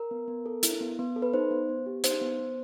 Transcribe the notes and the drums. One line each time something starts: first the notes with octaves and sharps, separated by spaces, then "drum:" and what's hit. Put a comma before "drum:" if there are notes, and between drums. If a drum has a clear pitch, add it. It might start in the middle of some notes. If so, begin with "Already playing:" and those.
Already playing: A#4
B3
B3
A4
E4, drum: hi-hat
B3
B3
A4
B4
D#4 C5
B3
B3
G4
D#4 C5, drum: hi-hat
B3
B3